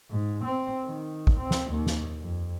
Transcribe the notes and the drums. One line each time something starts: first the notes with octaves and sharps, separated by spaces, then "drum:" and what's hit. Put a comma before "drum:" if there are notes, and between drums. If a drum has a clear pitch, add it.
G#2
C4
D#3
drum: kick
C4
drum: snare
D#2
drum: snare
F2